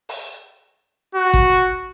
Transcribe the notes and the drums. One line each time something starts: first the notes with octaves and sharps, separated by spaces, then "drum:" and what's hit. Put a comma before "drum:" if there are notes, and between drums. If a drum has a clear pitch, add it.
drum: open hi-hat
F#4
drum: kick G#1